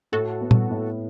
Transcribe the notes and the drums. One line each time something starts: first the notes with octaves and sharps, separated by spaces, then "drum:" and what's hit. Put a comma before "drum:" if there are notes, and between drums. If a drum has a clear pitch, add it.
A2 F#4 A4
B3
drum: tom A#2
A2